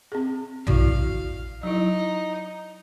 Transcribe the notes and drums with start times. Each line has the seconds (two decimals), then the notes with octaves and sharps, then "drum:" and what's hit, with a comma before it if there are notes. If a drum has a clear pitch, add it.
0.12 C4 G#4
0.67 E4 F#4 D5 F5, drum: tom
1.63 F#3 D#4 E4